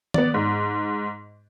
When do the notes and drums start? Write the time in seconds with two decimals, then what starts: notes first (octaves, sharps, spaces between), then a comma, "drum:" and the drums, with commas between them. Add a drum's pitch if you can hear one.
0.14 B3 D5, drum: tom
0.34 G#2